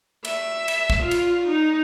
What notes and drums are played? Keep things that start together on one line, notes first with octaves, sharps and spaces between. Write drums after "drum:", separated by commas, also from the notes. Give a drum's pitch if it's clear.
E5, drum: cymbal
drum: cymbal
drum: kick
F4
drum: cymbal
D#4